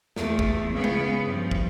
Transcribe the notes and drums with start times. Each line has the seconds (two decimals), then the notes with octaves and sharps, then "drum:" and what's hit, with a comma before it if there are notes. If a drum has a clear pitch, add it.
0.16 E2 A3, drum: snare
0.39 drum: kick
0.73 C#3 B3
0.84 drum: tom G#3
1.25 G2 F3
1.51 drum: kick